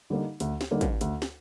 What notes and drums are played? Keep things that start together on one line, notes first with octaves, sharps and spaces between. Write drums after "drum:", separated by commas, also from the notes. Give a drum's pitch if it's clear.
D3 G3 A#3 D#4
D2, drum: hi-hat
drum: snare
D3 G3 A#3 D#4
drum: kick, hi-hat
D2, drum: hi-hat
drum: snare